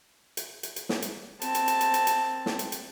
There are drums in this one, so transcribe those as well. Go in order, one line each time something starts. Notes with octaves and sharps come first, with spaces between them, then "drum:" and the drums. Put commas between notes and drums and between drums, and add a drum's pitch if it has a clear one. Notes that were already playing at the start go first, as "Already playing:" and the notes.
drum: hi-hat
drum: hi-hat
drum: hi-hat
drum: snare
drum: hi-hat
C4 A5, drum: hi-hat
drum: hi-hat
drum: hi-hat
drum: hi-hat
drum: hi-hat
drum: hi-hat
drum: snare
drum: hi-hat
drum: hi-hat